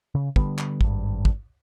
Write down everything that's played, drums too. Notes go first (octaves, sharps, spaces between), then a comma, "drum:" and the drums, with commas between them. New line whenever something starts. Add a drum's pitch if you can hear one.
C#3
D3 G3 B3, drum: kick
drum: clap
G#1 G2, drum: kick
drum: kick